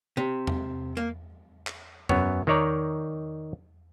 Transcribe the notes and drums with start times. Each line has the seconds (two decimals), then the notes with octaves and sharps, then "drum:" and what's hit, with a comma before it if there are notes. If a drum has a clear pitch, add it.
0.17 C3
0.47 drum: tom E2
0.97 A#3
1.67 drum: clap
2.09 F#2 B3 C#5, drum: tom E2
2.47 D#3 D#4 C#5 D5 A#5